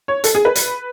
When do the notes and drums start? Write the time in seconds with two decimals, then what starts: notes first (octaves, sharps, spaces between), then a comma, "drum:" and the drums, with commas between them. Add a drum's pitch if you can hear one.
0.08 C#5
0.24 A4, drum: hi-hat
0.35 G#4
0.45 B4
0.55 drum: hi-hat